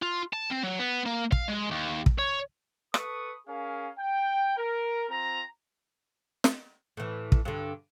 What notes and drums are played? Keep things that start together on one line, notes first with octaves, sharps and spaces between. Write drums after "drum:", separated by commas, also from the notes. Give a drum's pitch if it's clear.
F4
A5
C4
F#3
B3
A#3
F5, drum: kick
G#3
D#2
drum: kick
C#5
A4 B4 C#6 D#6, drum: rim click
C#4 G#4 A#4 F5
G5
A#4
C4 F4 A#5
drum: snare
A2 E3
drum: kick
G2 D3